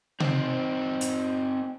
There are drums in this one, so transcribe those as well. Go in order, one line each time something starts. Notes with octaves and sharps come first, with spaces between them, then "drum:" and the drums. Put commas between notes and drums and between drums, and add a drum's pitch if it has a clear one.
C4 D#4, drum: tom C3
drum: hi-hat